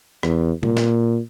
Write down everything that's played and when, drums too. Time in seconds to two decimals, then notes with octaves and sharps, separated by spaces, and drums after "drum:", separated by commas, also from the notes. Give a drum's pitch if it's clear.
0.23 E2, drum: rim click
0.63 A#2, drum: tom
0.77 drum: snare